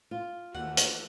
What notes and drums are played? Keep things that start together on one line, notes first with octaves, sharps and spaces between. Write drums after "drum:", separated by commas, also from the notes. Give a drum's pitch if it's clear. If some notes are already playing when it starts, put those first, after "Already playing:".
F4
D#2 E3 A3 F#4 F#5
drum: hi-hat